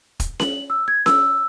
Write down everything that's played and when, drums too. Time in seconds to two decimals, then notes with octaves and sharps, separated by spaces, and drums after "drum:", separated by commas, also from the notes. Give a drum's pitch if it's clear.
0.20 drum: kick, hi-hat
0.40 F#7, drum: snare C#4
0.70 E6
0.88 G#6
1.06 E6, drum: snare C#4